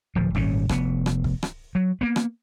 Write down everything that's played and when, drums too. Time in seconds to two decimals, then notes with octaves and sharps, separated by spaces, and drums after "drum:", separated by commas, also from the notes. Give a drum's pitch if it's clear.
0.15 D1 F3
0.35 G#1 A#2 G3 C#4, drum: kick
0.69 F1 B3, drum: rim click
1.06 drum: rim click
1.24 drum: kick
1.43 drum: rim click
1.75 F#3
2.01 A#3 B3
2.16 drum: rim click